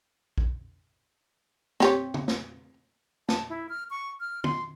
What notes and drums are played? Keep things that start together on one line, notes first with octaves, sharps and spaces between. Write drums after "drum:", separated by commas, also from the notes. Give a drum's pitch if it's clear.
drum: kick
C4 G4 C#5, drum: snare
drum: tom C#3
drum: snare
A5, drum: snare
E4
F6
C#6
F6
C6, drum: tom D3